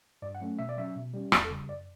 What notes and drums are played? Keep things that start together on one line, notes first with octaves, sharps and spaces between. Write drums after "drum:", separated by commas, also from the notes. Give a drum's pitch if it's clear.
G2 D5
F#5
F#3 A3 C#4
B2 E5
D5
F#3 C#4 E5
B2
G3 C#4
E2 D5, drum: rim click
A4
C#3 G3
F#2 D5